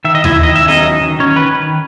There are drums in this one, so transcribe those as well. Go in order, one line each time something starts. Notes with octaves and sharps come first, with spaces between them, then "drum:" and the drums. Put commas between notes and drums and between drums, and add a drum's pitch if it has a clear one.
D#3 E5
D#5
D#3 E4 E5, drum: tom D#2
D#3 D#5
E5
C#4
D#4 D#5, drum: snare B3
F#3
D#3
D#3 C#4 C#5
D#3 B4